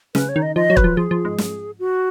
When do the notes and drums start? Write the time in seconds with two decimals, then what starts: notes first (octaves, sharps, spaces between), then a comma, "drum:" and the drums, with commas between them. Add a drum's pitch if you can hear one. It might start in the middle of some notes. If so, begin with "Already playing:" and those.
0.15 C#3 B4, drum: snare
0.29 C#5
0.36 D#3
0.42 D#5
0.56 F3 D#5
0.70 F#3
0.77 B4, drum: kick
0.84 F3
0.97 F3 G#4
1.11 F3
1.25 G#2
1.38 drum: snare
1.79 F#4